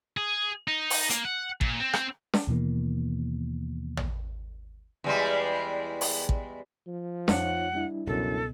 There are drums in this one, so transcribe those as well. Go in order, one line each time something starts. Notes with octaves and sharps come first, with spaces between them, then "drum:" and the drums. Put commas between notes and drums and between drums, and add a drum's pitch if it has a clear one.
G#4
D#4
drum: open hi-hat
A#3, drum: hi-hat
F#5
A#2, drum: kick
C4
drum: rim click
drum: snare
D#2 B2 E3 A#3
drum: tom
E2 G3 G#3
drum: open hi-hat
drum: kick
F3
F2 A3 D#4 F4 C#5 F#5, drum: snare
G3 D4 E4
C#2 F#2 B2 A4